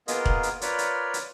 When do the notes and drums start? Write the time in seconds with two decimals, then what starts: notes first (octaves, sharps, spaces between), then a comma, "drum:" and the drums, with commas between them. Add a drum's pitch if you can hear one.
0.08 A#3 B3 F4 G#4 A#4 D#5, drum: hi-hat
0.25 drum: kick E1
0.43 drum: hi-hat
0.61 F4 A#4 B4 C#5 D5, drum: hi-hat
0.78 drum: hi-hat
1.14 drum: hi-hat